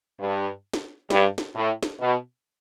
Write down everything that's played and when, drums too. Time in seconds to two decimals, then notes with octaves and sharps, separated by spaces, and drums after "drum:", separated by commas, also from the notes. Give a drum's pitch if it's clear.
0.20 G2
0.73 drum: snare
1.10 G2, drum: snare
1.38 drum: snare
1.55 A2
1.83 drum: snare
2.01 B2